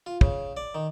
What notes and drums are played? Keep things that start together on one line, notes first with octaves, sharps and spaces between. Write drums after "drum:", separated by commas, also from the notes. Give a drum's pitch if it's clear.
F4
C#3, drum: kick
D5
D#3